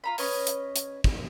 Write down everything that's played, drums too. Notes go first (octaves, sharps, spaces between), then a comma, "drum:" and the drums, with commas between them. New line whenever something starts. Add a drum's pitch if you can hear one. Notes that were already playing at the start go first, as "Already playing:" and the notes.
F4 A#5 B5
C#4 B4 C#5 D#5, drum: open hi-hat
drum: hi-hat
drum: hi-hat
drum: kick